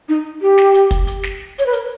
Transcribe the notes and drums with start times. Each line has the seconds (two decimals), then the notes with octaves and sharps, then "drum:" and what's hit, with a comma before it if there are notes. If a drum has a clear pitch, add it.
0.08 D#4
0.41 G4
0.58 drum: snare
0.74 drum: hi-hat
0.91 drum: kick, hi-hat
1.07 drum: hi-hat
1.24 drum: snare
1.58 C#5, drum: hi-hat
1.66 B4
1.73 A#4, drum: hi-hat